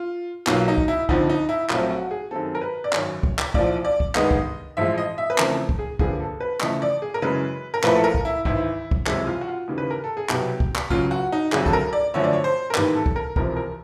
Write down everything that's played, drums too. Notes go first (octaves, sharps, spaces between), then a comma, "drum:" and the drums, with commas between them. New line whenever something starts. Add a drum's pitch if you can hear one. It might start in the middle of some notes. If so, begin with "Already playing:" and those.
Already playing: F4
B1 B2 F#3 A#3 F4, drum: clap
D#4
drum: kick
E4
F2 D3 F3 D#4, drum: kick
D#4
E4
A#1 A#2 F#3 A3 C4 F4, drum: clap
F#4
G#4
F#2 D#3 G3 C4 A4
A#4
B4
D5
G#1 F#2 D#3 C#5, drum: clap
drum: kick
drum: clap
A#1 A2 F3 D5, drum: kick
D5
drum: kick
G2 D#3 G#3 B3 D#5, drum: clap
drum: kick
A1 A2 F3 G#3 E5
D#5
E5
B4
E2 C#3 F3 A3 C4 A#4, drum: clap
drum: kick
G#4
G2 D3 F3 A#3 G#4, drum: kick
A4
B4
E2 C#3 F3 A3 D#5, drum: clap
D5
G#4
A#4
F#2 C#3 E3 G#3 B4
A#4
A#1 A2 F3 A3 B4, drum: clap
A4
A#4
drum: kick
E4
G#1 G#2 E3 E4, drum: kick
drum: kick
F#1 E2 C3 F3 G#3 E4, drum: clap
F4
F#4
F4
D#2 C#3 E3 G3
B4
A#4
A4
G#4
C2 B2 F#3 B3 G4, drum: clap
drum: kick
drum: clap
C#2 C#3 F#3 F4, drum: kick
F#4
D#4
F#1 F2 D3 F#3 G#4, drum: clap
A4, drum: kick
A#4
D5
F#2 D3 F3 A3 C#5
D5
C#5
C5
A#4
A1 G#2 D#3 G3 A#3 B4, drum: clap
A4
drum: kick
A#4
E1 E2 C3 F3 A#4, drum: kick
A#4